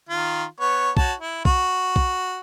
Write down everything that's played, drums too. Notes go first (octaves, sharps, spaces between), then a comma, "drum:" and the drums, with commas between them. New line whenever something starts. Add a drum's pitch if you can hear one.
D#3 F4
B3 C#5
F#4 C#5 A5, drum: kick
E4
F#4, drum: kick
drum: kick